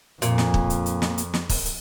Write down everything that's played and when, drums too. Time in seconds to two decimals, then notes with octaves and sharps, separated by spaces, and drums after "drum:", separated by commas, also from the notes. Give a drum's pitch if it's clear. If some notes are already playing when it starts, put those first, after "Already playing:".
0.22 F2 A#2, drum: hi-hat
0.38 drum: snare
0.54 drum: kick
0.70 drum: hi-hat
0.86 drum: hi-hat
1.02 drum: snare
1.18 drum: hi-hat
1.34 drum: snare
1.49 drum: kick, open hi-hat
1.65 drum: hi-hat